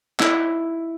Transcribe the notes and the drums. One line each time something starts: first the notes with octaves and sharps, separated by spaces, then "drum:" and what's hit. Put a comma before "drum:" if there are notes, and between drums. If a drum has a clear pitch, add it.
E4, drum: clap